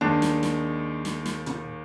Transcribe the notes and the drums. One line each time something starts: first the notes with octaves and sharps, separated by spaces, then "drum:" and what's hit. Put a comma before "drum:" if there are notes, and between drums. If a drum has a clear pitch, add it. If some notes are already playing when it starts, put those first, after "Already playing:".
D#2 D#3 G#3 D4
drum: snare
drum: snare
drum: snare
drum: snare
drum: tom